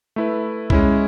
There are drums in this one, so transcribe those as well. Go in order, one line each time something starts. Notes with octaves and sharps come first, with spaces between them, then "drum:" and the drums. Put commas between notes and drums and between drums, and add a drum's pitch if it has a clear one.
A3 E4 B4
G#3 C#4 E4, drum: kick B1